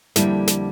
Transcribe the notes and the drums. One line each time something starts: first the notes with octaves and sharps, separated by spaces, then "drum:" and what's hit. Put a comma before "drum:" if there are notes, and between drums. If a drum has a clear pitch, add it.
F2 D3 G3 A#3 E4, drum: snare
drum: snare